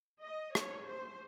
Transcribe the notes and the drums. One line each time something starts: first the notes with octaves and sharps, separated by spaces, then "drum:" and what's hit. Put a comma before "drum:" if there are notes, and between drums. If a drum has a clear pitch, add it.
D#5
C#5, drum: rim click
C5